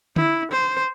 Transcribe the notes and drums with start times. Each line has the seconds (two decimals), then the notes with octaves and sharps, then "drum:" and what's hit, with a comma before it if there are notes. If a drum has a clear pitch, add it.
0.16 E4, drum: tom
0.52 C5